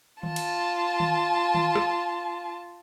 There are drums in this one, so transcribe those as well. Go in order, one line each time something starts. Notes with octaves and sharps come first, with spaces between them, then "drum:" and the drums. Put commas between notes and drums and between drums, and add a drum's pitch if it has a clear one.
F4 A5, drum: tom D#3
drum: cymbal
drum: tom D#3
drum: tom D#3
drum: rim click